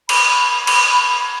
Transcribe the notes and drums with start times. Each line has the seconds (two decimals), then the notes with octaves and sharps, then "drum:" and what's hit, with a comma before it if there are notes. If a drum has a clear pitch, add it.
0.09 B5, drum: cymbal
0.67 drum: cymbal